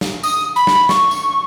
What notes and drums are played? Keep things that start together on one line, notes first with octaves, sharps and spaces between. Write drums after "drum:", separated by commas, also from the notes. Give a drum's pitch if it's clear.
drum: snare
D#6, drum: tambourine
B5
drum: snare
C#6, drum: snare
drum: tambourine